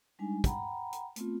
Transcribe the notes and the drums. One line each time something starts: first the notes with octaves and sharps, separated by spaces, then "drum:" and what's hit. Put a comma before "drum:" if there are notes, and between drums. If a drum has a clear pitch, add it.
G3 G#3 D4 D#4 G#5
F#5 G5 A#5 B5, drum: kick, hi-hat
drum: hi-hat
A3 B3 C4 F4, drum: hi-hat